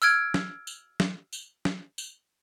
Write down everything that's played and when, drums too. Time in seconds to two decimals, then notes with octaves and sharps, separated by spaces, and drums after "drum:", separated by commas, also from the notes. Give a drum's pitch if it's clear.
0.02 E6 F6 G#6 D7, drum: tambourine
0.34 drum: snare
0.67 drum: tambourine
1.00 drum: snare
1.33 drum: tambourine
1.65 drum: snare
1.98 drum: tambourine